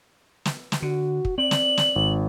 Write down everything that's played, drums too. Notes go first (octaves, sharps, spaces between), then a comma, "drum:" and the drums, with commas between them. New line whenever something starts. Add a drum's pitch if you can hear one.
drum: snare
drum: snare
D3 F#4
drum: kick
C4 D5 F#7
drum: snare
drum: snare
G#1